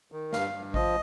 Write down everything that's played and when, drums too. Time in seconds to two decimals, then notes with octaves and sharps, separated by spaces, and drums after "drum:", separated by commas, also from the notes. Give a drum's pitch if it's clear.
0.12 D#3
0.33 G2 F5, drum: snare
0.54 G2
0.74 F3 D#5, drum: kick G#1